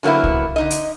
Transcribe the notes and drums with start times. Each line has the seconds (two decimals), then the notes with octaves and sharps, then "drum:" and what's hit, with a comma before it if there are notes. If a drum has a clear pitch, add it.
0.03 D3 F#3 A#3 B3 E4
0.24 drum: kick C2
0.56 D3 D#4 D#5
0.70 drum: hi-hat